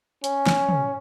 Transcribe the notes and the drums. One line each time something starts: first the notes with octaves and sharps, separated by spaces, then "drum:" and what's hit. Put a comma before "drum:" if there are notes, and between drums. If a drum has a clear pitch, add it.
C#4, drum: hi-hat
drum: snare
drum: tom